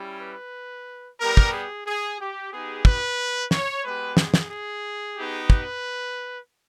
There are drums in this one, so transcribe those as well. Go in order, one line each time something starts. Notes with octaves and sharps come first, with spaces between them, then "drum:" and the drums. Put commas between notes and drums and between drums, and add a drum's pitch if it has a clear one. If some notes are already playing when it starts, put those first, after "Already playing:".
Already playing: G3 C#4 E4 G4
B4
G3 B3 G4 A#4
drum: kick
G#4
G#4
G4
B3 D#4 G4 G#4
B4, drum: kick
C#5, drum: snare
G#3 B3 G4 B4
G#4, drum: snare
drum: snare
G#4
B3 D#4 G4
B4, drum: kick